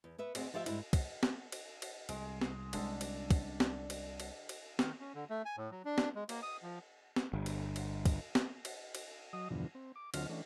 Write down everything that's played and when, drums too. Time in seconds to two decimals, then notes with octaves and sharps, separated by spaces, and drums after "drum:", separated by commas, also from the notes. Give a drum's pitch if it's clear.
0.04 E2
0.18 B3 B4 E5
0.35 D2 C4 G#4 D5, drum: cymbal
0.53 D2 F3 F4 G4 D5 E5
0.66 G#2 D3 G3 E4, drum: cymbal
0.93 drum: kick, cymbal
1.23 drum: snare
1.52 drum: cymbal
1.82 drum: cymbal
2.09 C2 G#3, drum: cymbal
2.41 drum: snare
2.73 D3 G#3 C#4, drum: cymbal
3.01 drum: cymbal
3.31 drum: kick, cymbal
3.60 drum: snare
3.90 drum: cymbal
4.20 drum: cymbal
4.49 drum: cymbal
4.79 D#3, drum: snare
5.00 C#4
5.15 D3
5.30 A3
5.45 G#5
5.57 A2
5.71 F#3
5.85 D4
5.98 drum: snare
6.15 G#3
6.29 A#3, drum: cymbal
6.43 D#6
6.63 F3
7.16 drum: snare
7.33 G1
7.46 drum: cymbal
7.76 drum: cymbal
8.05 drum: kick, cymbal
8.35 drum: snare
8.65 drum: cymbal
8.95 drum: cymbal
9.33 F#3 D#5 D#6
9.50 E2 G2 B2 D3 F3
9.75 C4
9.96 D6
10.14 D2 D3 F#3 C4 F4 F6, drum: cymbal
10.29 E3 A3 C#4 D4